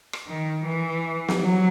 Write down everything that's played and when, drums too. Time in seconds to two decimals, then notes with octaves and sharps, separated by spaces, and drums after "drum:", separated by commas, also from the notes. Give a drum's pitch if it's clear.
0.13 drum: rim click
0.28 D#3
0.65 E3
1.28 drum: snare
1.39 F#3